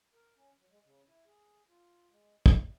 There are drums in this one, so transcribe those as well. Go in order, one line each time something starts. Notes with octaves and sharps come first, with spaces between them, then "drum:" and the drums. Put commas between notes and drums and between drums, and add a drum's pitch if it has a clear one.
A#4
C#4
F#3
G#3
C#3
E4
G#4
F4
G#3
G3, drum: kick